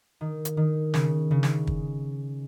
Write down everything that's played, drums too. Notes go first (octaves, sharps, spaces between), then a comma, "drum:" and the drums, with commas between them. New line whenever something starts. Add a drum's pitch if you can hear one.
D#3
drum: hi-hat
D#3
C#3, drum: snare
C#3
drum: snare
drum: kick